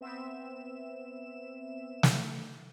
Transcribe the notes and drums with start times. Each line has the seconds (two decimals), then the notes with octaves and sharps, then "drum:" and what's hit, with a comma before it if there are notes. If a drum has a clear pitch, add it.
0.01 B3 C4 E5 E7
2.03 drum: snare